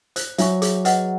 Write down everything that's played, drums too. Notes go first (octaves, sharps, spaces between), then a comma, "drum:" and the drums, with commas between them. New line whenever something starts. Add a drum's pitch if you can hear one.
C5, drum: hi-hat
F#3 E5 G#5 C#6, drum: hi-hat
G#4, drum: hi-hat
B4 D#5 F#5, drum: hi-hat